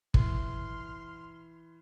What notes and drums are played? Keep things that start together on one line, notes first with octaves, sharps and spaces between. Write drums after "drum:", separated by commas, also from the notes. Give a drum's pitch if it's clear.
E3 C6 F6, drum: kick